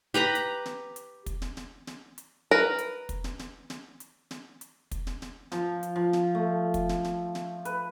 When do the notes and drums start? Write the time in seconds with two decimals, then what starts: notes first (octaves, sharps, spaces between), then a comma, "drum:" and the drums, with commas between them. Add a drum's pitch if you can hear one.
0.14 G4 B4 A#5 B5
0.35 drum: hi-hat
0.66 drum: snare
0.96 drum: hi-hat
1.26 drum: kick, hi-hat
1.42 drum: snare
1.57 drum: snare
1.87 drum: snare
2.18 drum: hi-hat
2.51 A#4 B4
2.78 drum: hi-hat
3.09 drum: kick, hi-hat
3.24 drum: snare
3.39 drum: snare
3.70 drum: snare
4.00 drum: hi-hat
4.31 drum: snare
4.61 drum: hi-hat
4.91 drum: kick, hi-hat
5.07 drum: snare
5.22 drum: snare
5.52 F3, drum: snare
5.83 drum: hi-hat
5.96 F3
6.13 drum: snare
6.35 A3
6.74 drum: kick, hi-hat
6.89 drum: snare
7.04 drum: snare
7.35 drum: snare
7.65 B4, drum: hi-hat